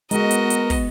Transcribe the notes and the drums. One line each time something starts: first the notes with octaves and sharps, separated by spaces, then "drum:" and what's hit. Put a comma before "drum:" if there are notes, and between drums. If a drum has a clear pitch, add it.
G#3 B3 F#4 A#4 D#5, drum: hi-hat
drum: hi-hat
drum: hi-hat
drum: kick, open hi-hat